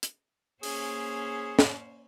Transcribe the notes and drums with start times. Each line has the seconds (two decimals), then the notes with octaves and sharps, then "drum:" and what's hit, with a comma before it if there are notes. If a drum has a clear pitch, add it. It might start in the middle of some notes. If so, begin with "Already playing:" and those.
0.03 drum: hi-hat
0.63 A#3 C#4 G#4 C5, drum: open hi-hat
1.59 drum: snare